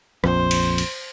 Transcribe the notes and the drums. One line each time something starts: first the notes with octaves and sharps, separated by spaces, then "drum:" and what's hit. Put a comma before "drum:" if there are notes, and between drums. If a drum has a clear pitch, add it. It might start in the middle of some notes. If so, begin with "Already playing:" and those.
A#1 F2 C5, drum: rim click
drum: cymbal
drum: cymbal